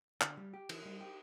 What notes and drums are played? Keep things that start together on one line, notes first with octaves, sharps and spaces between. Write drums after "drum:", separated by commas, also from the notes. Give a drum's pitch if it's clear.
D3, drum: clap
G3
G4
E3, drum: cymbal
G3
G4